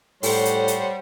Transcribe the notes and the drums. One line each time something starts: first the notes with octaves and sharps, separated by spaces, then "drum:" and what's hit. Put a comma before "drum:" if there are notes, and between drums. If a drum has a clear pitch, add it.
A2 G3 C5 C#5 F#5, drum: open hi-hat
drum: hi-hat
drum: hi-hat